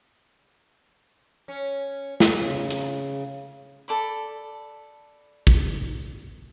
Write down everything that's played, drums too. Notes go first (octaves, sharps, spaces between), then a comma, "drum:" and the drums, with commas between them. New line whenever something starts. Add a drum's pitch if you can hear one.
C#4
drum: snare
C#3
drum: hi-hat
A4 D5 B5
drum: kick